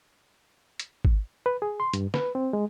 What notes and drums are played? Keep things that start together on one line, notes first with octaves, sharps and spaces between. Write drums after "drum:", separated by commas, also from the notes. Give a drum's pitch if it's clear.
drum: hi-hat
drum: kick G#1
B4
G#4
C6
G2, drum: hi-hat
B4, drum: snare
C4
G#3